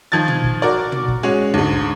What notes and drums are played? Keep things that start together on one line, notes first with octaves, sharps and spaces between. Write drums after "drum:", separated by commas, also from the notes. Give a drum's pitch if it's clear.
D#3 F3 G#6 A6
drum: tom
drum: kick
F#4 A#4 D5
drum: tom
drum: kick
G#3 C#4 F#4
D2 G#2
drum: kick